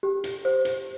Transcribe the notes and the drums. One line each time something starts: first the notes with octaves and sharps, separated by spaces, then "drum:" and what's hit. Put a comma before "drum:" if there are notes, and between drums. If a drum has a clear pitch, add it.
G4
drum: hi-hat
C5
drum: hi-hat